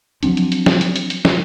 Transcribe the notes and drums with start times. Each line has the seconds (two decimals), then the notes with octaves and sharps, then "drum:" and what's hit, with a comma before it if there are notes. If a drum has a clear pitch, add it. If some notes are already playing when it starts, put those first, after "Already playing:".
0.23 F3 F#3 C4 D4, drum: hi-hat
0.37 drum: hi-hat
0.52 drum: hi-hat
0.66 drum: snare
0.81 drum: hi-hat
0.96 drum: hi-hat
1.10 drum: hi-hat
1.25 drum: snare